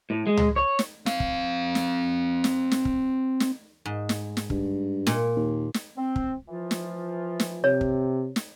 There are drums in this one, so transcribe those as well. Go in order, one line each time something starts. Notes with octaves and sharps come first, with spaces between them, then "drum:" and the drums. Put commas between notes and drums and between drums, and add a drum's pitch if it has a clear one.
A2
G#3
drum: tom C#2
C#5
drum: snare
C4 F5, drum: snare
drum: kick
drum: snare
drum: snare
drum: snare
drum: kick
drum: snare
G#2
drum: snare
drum: snare
G2, drum: kick
A#2, drum: snare
D#2
drum: snare
C4
drum: kick
E3 F3 F4
drum: snare
drum: snare
C3 C#5
drum: kick
drum: snare